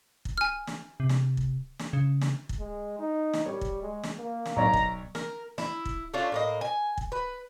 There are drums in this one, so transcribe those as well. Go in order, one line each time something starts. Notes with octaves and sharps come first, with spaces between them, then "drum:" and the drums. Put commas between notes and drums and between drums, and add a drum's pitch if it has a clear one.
drum: kick
G#5 F6
drum: snare
C3
drum: snare
drum: kick
drum: snare
C#3
drum: snare
drum: kick
G#3
D#4
drum: snare
G3 C#5
drum: kick
G#3
drum: snare
A#3
drum: snare
B1 C#5 D5 A#5
drum: kick
A#4, drum: snare
E4, drum: snare
drum: kick
A3 C#4 D4 F4
A2 A#3 D#5
G#5
drum: kick
B4